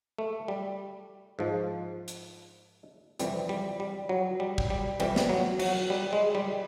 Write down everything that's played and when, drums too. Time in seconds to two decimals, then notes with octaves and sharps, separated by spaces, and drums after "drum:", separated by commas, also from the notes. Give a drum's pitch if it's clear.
0.19 A3
0.48 G3
1.39 G#2 F3
2.08 drum: hi-hat
3.19 F2 C3 E3 G3, drum: hi-hat
3.49 G3
3.80 G3
4.09 F#3
4.40 G3
4.58 drum: kick
4.70 G3
5.00 F2 C3 E3 G3, drum: cymbal
5.16 drum: snare
5.29 F#3
5.59 F#3, drum: cymbal
5.90 G3
6.13 G#3
6.35 G3